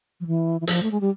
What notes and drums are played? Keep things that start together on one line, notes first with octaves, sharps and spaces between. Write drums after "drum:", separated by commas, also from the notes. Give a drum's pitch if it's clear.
F3
E3
E3
F3, drum: hi-hat
A3
G#3
G3